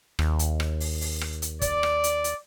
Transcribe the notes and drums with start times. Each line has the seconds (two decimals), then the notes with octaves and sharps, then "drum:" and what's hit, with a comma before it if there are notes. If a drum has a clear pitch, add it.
0.19 D#2, drum: rim click
0.39 drum: hi-hat
0.60 drum: rim click
0.80 drum: open hi-hat
1.01 drum: open hi-hat
1.21 drum: rim click
1.42 drum: hi-hat
1.61 D5, drum: kick, hi-hat
1.83 drum: rim click
2.04 drum: hi-hat
2.24 drum: hi-hat